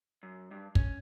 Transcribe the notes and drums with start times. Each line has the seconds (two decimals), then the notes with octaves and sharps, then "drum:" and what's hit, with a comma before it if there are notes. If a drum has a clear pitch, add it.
0.23 F#2
0.51 G2
0.75 C#4, drum: kick